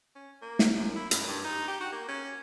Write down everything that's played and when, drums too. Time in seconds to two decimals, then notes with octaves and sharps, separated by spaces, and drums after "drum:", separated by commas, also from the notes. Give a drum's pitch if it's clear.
0.16 C#4
0.42 A#3
0.59 drum: snare
0.77 F#2
0.96 E4
1.11 F#2, drum: hi-hat
1.28 G2
1.44 D#4
1.68 G4
1.81 F#4
1.92 A#3
2.08 C#4